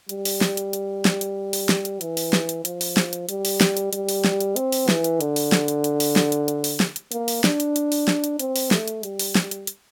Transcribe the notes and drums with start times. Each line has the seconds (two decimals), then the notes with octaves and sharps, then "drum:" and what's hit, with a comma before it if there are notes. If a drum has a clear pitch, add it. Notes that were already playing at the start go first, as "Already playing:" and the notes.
0.09 G3, drum: hi-hat
0.25 drum: open hi-hat
0.41 drum: snare
0.57 drum: hi-hat
0.73 drum: hi-hat
1.05 drum: snare
1.21 drum: hi-hat
1.53 drum: open hi-hat
1.69 drum: snare
1.85 drum: hi-hat
2.01 E3, drum: hi-hat
2.17 drum: open hi-hat
2.33 drum: snare
2.49 drum: hi-hat
2.65 F3, drum: hi-hat
2.81 drum: open hi-hat
2.97 drum: snare
3.13 drum: hi-hat
3.29 G3, drum: hi-hat
3.45 drum: open hi-hat
3.61 drum: snare
3.77 drum: hi-hat
3.93 G3, drum: hi-hat
4.09 drum: open hi-hat
4.25 drum: snare
4.41 drum: hi-hat
4.56 C4, drum: hi-hat
4.72 drum: open hi-hat
4.89 E3, drum: snare
5.04 drum: hi-hat
5.21 D3, drum: hi-hat
5.36 drum: open hi-hat
5.52 drum: snare
5.68 drum: hi-hat
5.84 drum: hi-hat
6.00 drum: open hi-hat
6.16 drum: snare
6.32 drum: hi-hat
6.48 drum: hi-hat
6.64 drum: open hi-hat
6.80 drum: snare
6.96 drum: hi-hat
7.12 A#3, drum: hi-hat
7.28 drum: open hi-hat
7.44 D4, drum: snare
7.60 drum: hi-hat
7.76 drum: hi-hat
7.92 drum: open hi-hat
8.08 drum: snare
8.24 drum: hi-hat
8.39 C4, drum: hi-hat
8.56 drum: open hi-hat
8.71 A3, drum: snare
8.88 drum: hi-hat
9.03 G3, drum: hi-hat
9.19 drum: open hi-hat
9.35 drum: snare
9.51 drum: hi-hat
9.67 drum: hi-hat